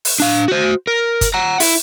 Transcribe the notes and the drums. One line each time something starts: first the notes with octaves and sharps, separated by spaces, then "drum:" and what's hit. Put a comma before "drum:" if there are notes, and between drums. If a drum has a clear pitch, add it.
drum: open hi-hat
D4 F5
F#4 C5
A#4
drum: kick G1, hi-hat
F#5 A#5
E4, drum: open hi-hat